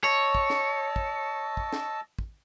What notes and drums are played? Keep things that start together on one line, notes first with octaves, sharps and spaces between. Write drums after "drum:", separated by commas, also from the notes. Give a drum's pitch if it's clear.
C#5 D#5 A5 E6
drum: kick
drum: snare
drum: kick
drum: kick
drum: snare
drum: kick